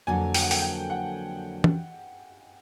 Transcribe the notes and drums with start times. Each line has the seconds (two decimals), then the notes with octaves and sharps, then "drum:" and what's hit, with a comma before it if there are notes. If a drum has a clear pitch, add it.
0.07 F2 D3 F#3 A#3 G#5
0.34 G5, drum: open hi-hat
0.42 F#5
0.51 G5, drum: open hi-hat
0.62 G5
0.90 F#5
1.64 drum: tom E3